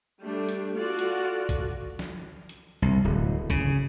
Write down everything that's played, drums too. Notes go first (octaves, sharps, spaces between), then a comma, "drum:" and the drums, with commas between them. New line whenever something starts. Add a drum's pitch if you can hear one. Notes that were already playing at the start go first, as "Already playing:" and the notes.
G3 A3 D4
drum: hi-hat
F4 F#4 A4 D5
drum: hi-hat
drum: kick B1, hi-hat
drum: snare
drum: hi-hat
C2
D1
C#3, drum: kick B1, hi-hat